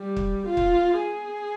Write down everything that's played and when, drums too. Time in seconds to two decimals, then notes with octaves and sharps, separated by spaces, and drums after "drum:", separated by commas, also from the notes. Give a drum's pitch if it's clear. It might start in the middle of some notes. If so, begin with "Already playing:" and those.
Already playing: G3
0.17 drum: kick
0.48 F4
0.57 drum: kick
1.00 G#4